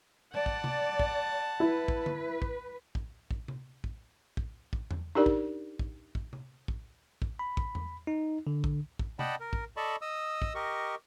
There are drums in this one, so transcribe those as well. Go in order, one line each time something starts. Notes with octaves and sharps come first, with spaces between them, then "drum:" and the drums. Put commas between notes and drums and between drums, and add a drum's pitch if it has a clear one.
D5 F#5 A5
drum: kick
drum: tom C3
drum: kick
E4 B4
drum: kick
drum: tom D3
drum: kick
drum: kick
drum: kick
drum: tom C3
drum: kick
drum: kick
drum: kick
drum: tom E2
D4 D#4 G4 A#4 D5
drum: kick
drum: kick
drum: kick
drum: tom C3
drum: kick
drum: kick
B5
drum: kick
drum: tom E2
D#4
D3
drum: kick
drum: kick
D5 D#5 F#5 G5 A5 B5, drum: tom C3
A#4
drum: kick
A4 D5 D#5 A5 B5 C#6
D#5 D#6 E6
drum: kick
G4 A#4 D#5 C#6